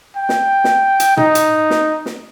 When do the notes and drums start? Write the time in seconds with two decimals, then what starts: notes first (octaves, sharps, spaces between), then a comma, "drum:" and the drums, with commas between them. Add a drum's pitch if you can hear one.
0.16 G5
0.29 drum: snare
0.64 drum: snare
1.00 drum: hi-hat
1.17 D#4, drum: tom
1.35 drum: hi-hat
1.70 drum: snare
2.06 drum: snare